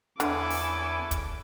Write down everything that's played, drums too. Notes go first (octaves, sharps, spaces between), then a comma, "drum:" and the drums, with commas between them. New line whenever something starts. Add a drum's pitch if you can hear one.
E2 D3 C#4 E4 A4 G#5 D6, drum: hi-hat
drum: open hi-hat
drum: kick, hi-hat